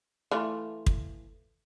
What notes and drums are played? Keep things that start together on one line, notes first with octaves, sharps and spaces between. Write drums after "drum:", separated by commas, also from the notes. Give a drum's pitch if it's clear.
E3 A3 F4
drum: kick